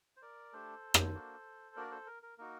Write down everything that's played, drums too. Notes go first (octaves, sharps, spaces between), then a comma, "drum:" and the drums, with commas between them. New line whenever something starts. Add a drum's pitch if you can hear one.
C5
A#4 D5
A3 D4 G4 A4 C5
drum: rim click
A#3 D4 F#4
A#3 D4 F#4 A#4 D5
A4 C5
A#4
A#4
A#3 D#4 F#4 A#4